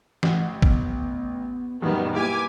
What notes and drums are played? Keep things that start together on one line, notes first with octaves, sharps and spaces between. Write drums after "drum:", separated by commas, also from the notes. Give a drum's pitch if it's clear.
A1 F#5, drum: snare
B3, drum: kick G#1
F#2 A#2 D#3 G3 B3 B4
A#3 E4 G4 G#5 D6